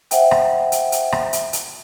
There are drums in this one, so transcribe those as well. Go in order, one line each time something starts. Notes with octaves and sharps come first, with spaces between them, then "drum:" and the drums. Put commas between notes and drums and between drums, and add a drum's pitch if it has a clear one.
C5 E5 F#5 G5, drum: hi-hat
drum: rim click
drum: hi-hat
drum: hi-hat
drum: rim click
drum: hi-hat
drum: hi-hat